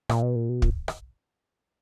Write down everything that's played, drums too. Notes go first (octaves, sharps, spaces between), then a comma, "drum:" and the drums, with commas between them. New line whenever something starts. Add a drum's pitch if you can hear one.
A#2, drum: rim click
B2
A#2
B2
A#2, drum: kick
drum: rim click